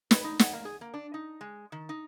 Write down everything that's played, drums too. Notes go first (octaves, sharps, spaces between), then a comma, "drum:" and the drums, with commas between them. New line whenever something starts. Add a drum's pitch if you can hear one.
B4, drum: snare
D#4
F#5, drum: snare
A#3
G#4
A#3
D4
D#4
G#3
D#3
D#4